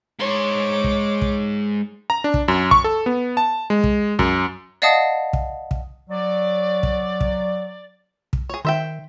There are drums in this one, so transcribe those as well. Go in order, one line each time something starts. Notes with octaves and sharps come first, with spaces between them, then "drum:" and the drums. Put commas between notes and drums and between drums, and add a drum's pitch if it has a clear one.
G#2 C#5 C6 D6
drum: kick
drum: kick
A#5
D4
drum: kick
F#2
C#6, drum: kick
A4
B3
A5
G#3
drum: kick
F#2, drum: kick
D5 D#5 F5 F#5 A5 D#6
drum: kick
drum: kick
F#3 D5
drum: kick
drum: kick
drum: kick
G#4 C#5
D#3 C5 E5 G5